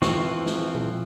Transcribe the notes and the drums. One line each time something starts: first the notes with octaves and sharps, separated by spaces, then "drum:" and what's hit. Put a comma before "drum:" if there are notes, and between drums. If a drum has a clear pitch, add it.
E3 F3 C4 C#6, drum: snare
drum: snare
drum: tom A#2